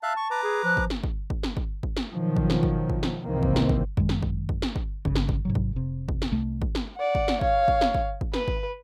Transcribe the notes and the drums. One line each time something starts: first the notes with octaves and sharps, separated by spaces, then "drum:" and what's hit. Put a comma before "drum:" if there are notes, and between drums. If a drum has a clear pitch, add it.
E5 F5 A5 F#6
C#6
B4 A#5 D6
G#4
F3 F#6
drum: kick
drum: snare
drum: kick
drum: kick
drum: snare
drum: kick
drum: kick
drum: snare
B2 D#3 F3 F#3
drum: kick
drum: snare
drum: kick
drum: kick
drum: snare
C2 G#2 D#3 E3 A#3 C4
drum: kick
drum: snare
drum: kick
F#2 D#3 G#3, drum: kick
drum: snare
drum: kick
drum: kick
drum: snare
drum: kick
G1 C#3, drum: kick
drum: snare
drum: kick
G#2 C3 F#3
drum: kick
F1 C3
drum: kick
drum: snare
C2 A3
drum: kick
drum: snare
D5 F#5
drum: kick
drum: snare
C#5 F5, drum: kick
drum: kick
drum: snare
drum: kick
drum: kick
B4, drum: snare
drum: kick